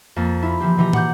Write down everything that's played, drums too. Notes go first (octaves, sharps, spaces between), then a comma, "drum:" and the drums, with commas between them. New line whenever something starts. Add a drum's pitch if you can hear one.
F2 A#3 A6
E4 F4
E3 F3 C4 G4
B2 E3 G4 A#5
F#5 D6 G6, drum: tom